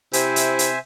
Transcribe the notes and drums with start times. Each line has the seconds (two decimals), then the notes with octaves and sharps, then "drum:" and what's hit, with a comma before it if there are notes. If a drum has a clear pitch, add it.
0.13 C3 E4 C5 E5 G#5, drum: hi-hat
0.36 drum: hi-hat
0.59 drum: hi-hat